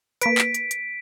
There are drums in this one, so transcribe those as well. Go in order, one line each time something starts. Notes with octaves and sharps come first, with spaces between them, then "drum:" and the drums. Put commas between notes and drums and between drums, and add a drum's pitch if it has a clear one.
A#3 B4 B6 D7, drum: hi-hat
drum: clap
drum: hi-hat
drum: hi-hat